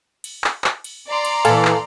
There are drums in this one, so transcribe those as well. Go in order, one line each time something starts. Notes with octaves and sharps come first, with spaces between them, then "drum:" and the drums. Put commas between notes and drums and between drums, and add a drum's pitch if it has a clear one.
drum: cymbal
drum: clap
drum: clap
drum: cymbal
D5 A#5 C6
drum: cymbal
A#2 E3 A4 F5 G#5 A5, drum: cymbal
drum: clap